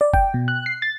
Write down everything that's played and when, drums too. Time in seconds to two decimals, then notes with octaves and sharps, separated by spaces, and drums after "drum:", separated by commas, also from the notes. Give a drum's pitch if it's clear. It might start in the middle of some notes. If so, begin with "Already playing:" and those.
0.01 D5
0.13 G5, drum: kick
0.34 B2
0.48 F#6
0.66 C7
0.82 A6